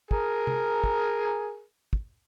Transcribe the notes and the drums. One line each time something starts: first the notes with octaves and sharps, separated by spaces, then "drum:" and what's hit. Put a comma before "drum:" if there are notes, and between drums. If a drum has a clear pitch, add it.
G#4 A#4, drum: kick
drum: tom C3
drum: kick
drum: kick